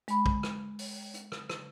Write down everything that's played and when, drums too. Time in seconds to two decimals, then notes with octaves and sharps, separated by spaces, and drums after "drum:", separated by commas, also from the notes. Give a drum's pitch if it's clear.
0.08 G#3 B5, drum: hi-hat
0.26 drum: kick
0.43 drum: rim click
0.79 drum: open hi-hat
1.14 drum: hi-hat
1.32 drum: rim click
1.50 drum: rim click